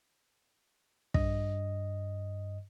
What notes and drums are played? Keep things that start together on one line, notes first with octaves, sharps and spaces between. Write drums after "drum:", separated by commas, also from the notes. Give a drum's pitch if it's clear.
G2 D#5, drum: kick